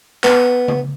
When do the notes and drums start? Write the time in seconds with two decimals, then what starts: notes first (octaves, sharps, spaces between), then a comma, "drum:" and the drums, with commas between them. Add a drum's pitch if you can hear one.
0.24 B3, drum: clap
0.68 drum: tom C#3